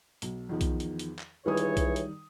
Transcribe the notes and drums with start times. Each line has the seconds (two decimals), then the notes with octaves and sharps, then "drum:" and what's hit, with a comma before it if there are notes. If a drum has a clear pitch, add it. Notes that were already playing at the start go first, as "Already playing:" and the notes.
0.22 B1, drum: hi-hat
0.49 E2 D#3 F3
0.61 drum: kick B1, hi-hat
0.80 drum: hi-hat
0.99 drum: hi-hat
1.19 drum: clap
1.46 C#2 D#3 E3 G3 C#5 D#6
1.57 drum: hi-hat
1.77 drum: kick B1, hi-hat
1.96 drum: hi-hat